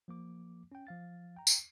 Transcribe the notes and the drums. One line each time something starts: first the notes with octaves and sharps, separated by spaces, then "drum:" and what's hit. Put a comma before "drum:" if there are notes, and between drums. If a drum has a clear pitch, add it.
F3 A#3 D6
C#4 G5
F3 F5 A6
G5 A#5
drum: tambourine